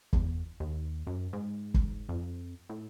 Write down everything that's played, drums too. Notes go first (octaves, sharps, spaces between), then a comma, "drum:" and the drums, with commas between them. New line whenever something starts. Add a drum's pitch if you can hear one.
E2, drum: kick
D#2
F#2
G#2
drum: kick
F2
A2